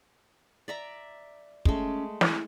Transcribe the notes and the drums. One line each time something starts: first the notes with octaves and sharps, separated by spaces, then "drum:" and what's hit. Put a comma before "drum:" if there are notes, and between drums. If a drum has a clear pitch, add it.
D5 E5 A#5
G#3 A3 C#4, drum: kick
E4, drum: snare